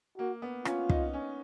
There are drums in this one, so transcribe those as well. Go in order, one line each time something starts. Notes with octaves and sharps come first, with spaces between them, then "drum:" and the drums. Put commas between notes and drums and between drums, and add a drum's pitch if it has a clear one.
A#3 F#4
B3
C#4 F4, drum: rim click
D#4, drum: kick
C#4